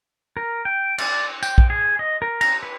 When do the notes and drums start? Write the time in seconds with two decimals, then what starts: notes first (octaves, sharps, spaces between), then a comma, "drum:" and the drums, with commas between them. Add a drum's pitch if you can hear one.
0.37 A#4
0.65 G5
0.98 D5, drum: cymbal
1.43 G5, drum: tambourine
1.58 drum: kick A#1
1.70 G#4
1.99 D#5
2.22 A#4
2.41 A#5, drum: cymbal
2.63 B4